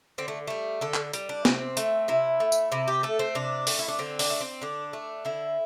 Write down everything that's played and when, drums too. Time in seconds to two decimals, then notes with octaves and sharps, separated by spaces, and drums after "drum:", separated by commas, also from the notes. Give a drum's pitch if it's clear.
0.18 D3 C4
0.28 A3
0.47 G3 A3
0.81 D3 A4
0.94 drum: clap
1.13 G3, drum: hi-hat
1.29 D4
1.45 C3 C4, drum: snare
1.77 A3, drum: hi-hat
2.08 C3 E4
2.40 A3
2.52 drum: tambourine
2.72 C3 E4
2.88 G4
3.03 A3 A4
3.19 C4
3.35 C3 D4
3.67 A3, drum: open hi-hat
3.79 E4
3.88 D4
3.99 D3 C4
4.19 D4, drum: open hi-hat
4.30 A3
4.41 C4
4.62 D3 D4
4.93 A3
5.25 D3 E4